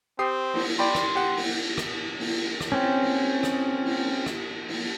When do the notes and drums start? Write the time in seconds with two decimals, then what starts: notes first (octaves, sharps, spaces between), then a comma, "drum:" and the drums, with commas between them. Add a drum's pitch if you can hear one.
0.19 C4 G4 D#6 C7
0.53 drum: cymbal
0.79 D5 G5 B5 C6
0.95 drum: rim click
1.15 G4 F#5
1.36 drum: cymbal
1.78 drum: rim click
2.19 drum: cymbal
2.60 drum: rim click
2.72 C4 C#4
3.02 drum: cymbal
3.43 drum: rim click
3.85 drum: cymbal
4.26 drum: rim click
4.68 drum: cymbal